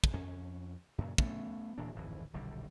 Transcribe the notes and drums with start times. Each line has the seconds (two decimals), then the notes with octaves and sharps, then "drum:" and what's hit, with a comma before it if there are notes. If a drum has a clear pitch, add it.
0.04 drum: kick
0.14 F2 C#4
0.98 F#2 A#2 C#3
1.18 A3 B3 C#4, drum: kick
1.78 D1 A#2 E3 D4
1.95 D1 G#1 F2 E3
2.33 D#1 B1 D3 G3